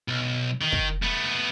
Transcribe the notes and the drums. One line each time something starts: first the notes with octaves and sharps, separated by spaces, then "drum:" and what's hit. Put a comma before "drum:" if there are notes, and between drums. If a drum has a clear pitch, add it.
B1
D#3
drum: kick
A3 B3